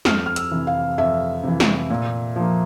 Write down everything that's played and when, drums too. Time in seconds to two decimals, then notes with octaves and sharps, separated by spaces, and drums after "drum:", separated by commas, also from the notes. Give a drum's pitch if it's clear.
0.05 F2 F6, drum: snare
0.26 F6
0.36 E6, drum: hi-hat
0.52 C3 E3
0.67 F5
0.98 F2 E5
1.43 C3 E3
1.60 drum: snare
1.90 A#2
2.36 F3 A#3